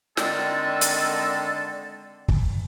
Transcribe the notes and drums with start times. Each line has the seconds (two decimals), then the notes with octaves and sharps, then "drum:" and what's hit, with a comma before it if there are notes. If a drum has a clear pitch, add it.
0.17 D3 D#3 G#3 C4 A4 D5, drum: snare
0.81 drum: hi-hat
2.28 drum: kick